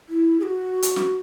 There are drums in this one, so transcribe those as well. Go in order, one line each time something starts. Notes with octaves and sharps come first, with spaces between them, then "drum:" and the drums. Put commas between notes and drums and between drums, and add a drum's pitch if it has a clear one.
E4
G#4
F#4
drum: hi-hat
drum: snare